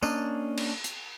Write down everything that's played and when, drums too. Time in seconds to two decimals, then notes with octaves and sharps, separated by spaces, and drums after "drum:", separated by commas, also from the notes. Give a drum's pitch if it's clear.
0.03 A#3 C#4 D4 D#5, drum: tambourine
0.57 drum: cymbal
0.84 drum: hi-hat